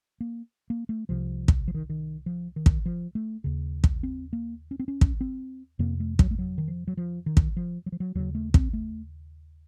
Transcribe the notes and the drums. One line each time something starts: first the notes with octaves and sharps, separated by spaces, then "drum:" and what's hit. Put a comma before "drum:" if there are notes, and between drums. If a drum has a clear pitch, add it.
A#3
A#3
A3
C2 C3 F3
drum: kick
F3
D#3
D#3
F3
D#3
drum: kick
F3
A3
D#2 C#3
drum: kick
C4
A#3
C#4
C4
C#4
drum: kick
C4
F2 C3 A#3
A3
F#3, drum: kick
A3
F#3
D#3
F3
F#3
F3
D#3
drum: kick
F3
F#3
F3
F#3
D#2 C#3 F#3
A3
C4, drum: kick
A3